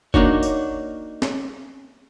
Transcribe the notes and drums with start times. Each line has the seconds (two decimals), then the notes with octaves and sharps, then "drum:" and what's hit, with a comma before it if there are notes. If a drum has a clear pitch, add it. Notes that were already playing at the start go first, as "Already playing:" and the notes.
0.14 A#3 D4 D#4 F#4 C#5, drum: kick
0.43 drum: tambourine
1.22 drum: snare